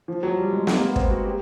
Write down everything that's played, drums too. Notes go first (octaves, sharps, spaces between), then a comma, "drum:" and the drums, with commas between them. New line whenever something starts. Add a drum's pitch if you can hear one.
F3
F#3
G3
G#3
G#3, drum: snare
A#3
B3
C4, drum: kick
F#4
G4